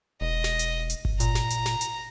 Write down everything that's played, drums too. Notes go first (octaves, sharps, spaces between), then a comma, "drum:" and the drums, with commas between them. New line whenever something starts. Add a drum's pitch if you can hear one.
E1 D#5
drum: snare
drum: hi-hat
drum: hi-hat
drum: kick G1
A#2 A#5, drum: hi-hat
drum: snare
drum: hi-hat
drum: snare
drum: hi-hat